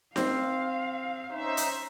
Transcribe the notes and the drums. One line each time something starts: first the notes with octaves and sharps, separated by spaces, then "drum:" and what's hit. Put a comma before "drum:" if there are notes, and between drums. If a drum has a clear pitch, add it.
C4 F5, drum: snare D#4
C#4 D#4 C5 E5
drum: hi-hat